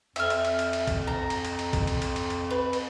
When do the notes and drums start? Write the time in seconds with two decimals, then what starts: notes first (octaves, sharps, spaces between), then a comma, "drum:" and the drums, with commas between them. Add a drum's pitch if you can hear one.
0.16 F2 E5 F6, drum: cymbal
0.30 drum: cymbal
0.45 drum: cymbal
0.59 drum: cymbal
0.73 drum: cymbal
0.87 drum: kick B1, cymbal
1.07 A#5
1.30 drum: cymbal
1.45 drum: cymbal
1.59 drum: cymbal
1.73 drum: kick B1, cymbal
1.87 drum: cymbal
2.02 drum: cymbal
2.16 drum: cymbal
2.30 drum: cymbal
2.50 B4
2.73 drum: cymbal